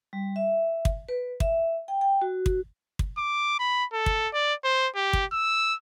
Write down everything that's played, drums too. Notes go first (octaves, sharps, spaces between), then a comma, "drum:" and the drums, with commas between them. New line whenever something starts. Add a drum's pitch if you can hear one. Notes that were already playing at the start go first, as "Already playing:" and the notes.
G3
E5
drum: kick
B4
E5, drum: kick
G5
G5
F#4
drum: kick
drum: kick
D6
B5
A4
drum: kick
D5
C5
G4
drum: kick
E6